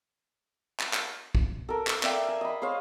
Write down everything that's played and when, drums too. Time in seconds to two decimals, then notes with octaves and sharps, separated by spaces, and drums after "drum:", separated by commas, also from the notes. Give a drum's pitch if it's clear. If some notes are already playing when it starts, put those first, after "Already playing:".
0.80 drum: clap
0.93 drum: clap
1.35 drum: kick
1.69 A4 A#4
1.87 D6, drum: clap
2.03 D5 E5 F5 G5, drum: clap
2.28 G#5
2.41 D#5 B5
2.62 G#4 C5 C#5 F5